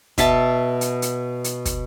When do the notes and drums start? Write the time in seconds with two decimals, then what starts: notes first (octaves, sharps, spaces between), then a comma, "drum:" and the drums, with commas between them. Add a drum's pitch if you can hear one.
0.18 B2 E5 A5, drum: kick, hi-hat
0.81 drum: hi-hat
1.02 drum: hi-hat
1.44 drum: hi-hat
1.65 drum: kick, hi-hat